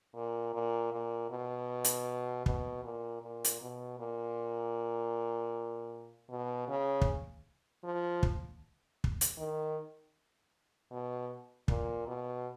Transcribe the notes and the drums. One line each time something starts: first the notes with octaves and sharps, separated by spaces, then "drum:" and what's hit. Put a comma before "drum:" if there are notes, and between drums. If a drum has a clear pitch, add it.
A#2
A#2
A#2
B2
drum: hi-hat
B2, drum: kick
A#2
A#2
drum: hi-hat
B2
A#2
B2
C#3
drum: kick
F3
drum: kick
drum: kick
drum: hi-hat
D#3
B2
A#2, drum: kick
B2